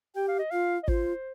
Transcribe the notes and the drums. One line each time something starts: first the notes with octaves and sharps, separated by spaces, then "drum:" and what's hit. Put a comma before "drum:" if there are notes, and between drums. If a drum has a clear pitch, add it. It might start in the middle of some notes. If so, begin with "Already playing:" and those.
G4 G5
F5
D#5
F4 F5
D#5
F4 C5, drum: kick